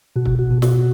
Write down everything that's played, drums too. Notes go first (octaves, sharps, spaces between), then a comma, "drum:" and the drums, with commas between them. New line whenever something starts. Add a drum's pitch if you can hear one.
B2 F#4
drum: kick
F#4
B2
F#4, drum: snare